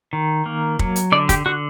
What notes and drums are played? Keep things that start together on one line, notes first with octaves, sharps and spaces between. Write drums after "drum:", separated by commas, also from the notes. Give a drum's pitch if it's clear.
D#3
A#3
F#3, drum: kick
drum: hi-hat
D3 D5
G4, drum: kick, hi-hat
D3 F#4